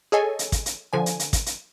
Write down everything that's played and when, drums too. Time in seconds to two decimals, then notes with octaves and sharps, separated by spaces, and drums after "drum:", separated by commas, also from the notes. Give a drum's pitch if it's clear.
0.12 G#4 A4 C#5 D#5 G#5
0.39 drum: hi-hat
0.52 drum: kick, hi-hat
0.66 drum: hi-hat
0.93 D3 F3 G#5
1.06 drum: hi-hat
1.19 drum: hi-hat
1.33 drum: kick, hi-hat
1.46 drum: hi-hat